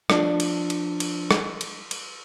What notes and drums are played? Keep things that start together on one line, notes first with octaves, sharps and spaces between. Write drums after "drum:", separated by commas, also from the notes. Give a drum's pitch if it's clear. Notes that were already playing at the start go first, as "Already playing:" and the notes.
F3 D4, drum: rim click
drum: cymbal
drum: cymbal
drum: cymbal
drum: rim click
drum: cymbal
drum: cymbal